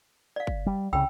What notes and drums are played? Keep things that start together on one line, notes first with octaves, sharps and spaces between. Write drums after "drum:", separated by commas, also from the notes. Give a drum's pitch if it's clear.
D5 F5
drum: kick
G3
C2 C#3 G5 B5 E6